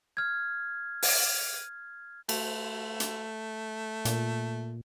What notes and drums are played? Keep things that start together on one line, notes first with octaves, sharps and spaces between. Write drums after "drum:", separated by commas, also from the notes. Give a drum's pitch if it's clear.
F6 G#6
drum: open hi-hat
A3, drum: cymbal
drum: hi-hat
A#2, drum: hi-hat